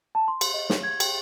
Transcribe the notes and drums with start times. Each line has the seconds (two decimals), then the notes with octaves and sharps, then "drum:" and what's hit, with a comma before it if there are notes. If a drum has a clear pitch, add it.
0.15 A5
0.28 C6
0.41 C6, drum: cymbal
0.54 D#5
0.70 C#5, drum: snare
0.83 G#6
1.00 G5, drum: cymbal